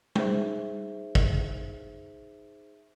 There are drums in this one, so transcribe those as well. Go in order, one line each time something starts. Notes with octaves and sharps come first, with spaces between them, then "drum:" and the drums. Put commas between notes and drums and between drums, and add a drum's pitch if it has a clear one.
D#4 G#4 C5 E5, drum: tom G3
drum: kick